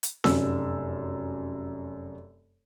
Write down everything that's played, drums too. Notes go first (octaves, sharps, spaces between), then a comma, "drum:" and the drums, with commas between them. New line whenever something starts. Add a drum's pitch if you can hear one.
drum: hi-hat
F1 F#2 E6, drum: snare C4